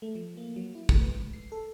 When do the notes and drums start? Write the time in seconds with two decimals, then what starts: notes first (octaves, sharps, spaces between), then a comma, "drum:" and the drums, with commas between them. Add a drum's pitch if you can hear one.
0.02 A3
0.15 F3
0.37 A#3
0.56 F#3
0.75 E4
0.89 A3, drum: kick
1.01 B4
1.14 G#2
1.34 C7
1.52 A4